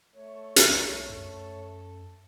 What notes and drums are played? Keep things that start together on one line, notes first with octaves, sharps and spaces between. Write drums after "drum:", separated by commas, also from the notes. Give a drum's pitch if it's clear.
A3 A4 C#5
drum: hi-hat
C2
F#2